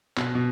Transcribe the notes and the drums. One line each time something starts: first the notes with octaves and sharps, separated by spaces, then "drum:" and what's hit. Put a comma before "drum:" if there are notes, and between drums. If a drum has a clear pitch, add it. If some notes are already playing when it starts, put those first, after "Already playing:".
B2, drum: clap
B2